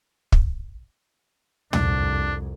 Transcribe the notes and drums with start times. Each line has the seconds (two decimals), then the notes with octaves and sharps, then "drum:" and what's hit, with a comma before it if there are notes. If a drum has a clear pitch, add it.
0.32 drum: kick
1.73 C2 F2 D4, drum: tom